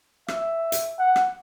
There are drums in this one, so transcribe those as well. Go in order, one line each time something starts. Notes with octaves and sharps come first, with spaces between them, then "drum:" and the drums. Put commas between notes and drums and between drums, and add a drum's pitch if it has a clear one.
E5, drum: rim click
drum: hi-hat
F#5
drum: rim click